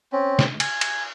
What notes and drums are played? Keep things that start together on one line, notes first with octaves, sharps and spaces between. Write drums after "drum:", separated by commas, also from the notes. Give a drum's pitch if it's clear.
C4 C#4
drum: snare
G#5, drum: cymbal
drum: cymbal